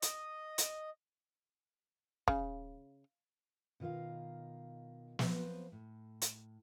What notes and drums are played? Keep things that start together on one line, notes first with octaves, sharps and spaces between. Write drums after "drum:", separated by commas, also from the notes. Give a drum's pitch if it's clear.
D#5, drum: hi-hat
drum: hi-hat
C#3, drum: kick
B2 D#3 F4 A#4 F5
F3 F#3 B3 C4 B4 C5, drum: snare
A2
drum: hi-hat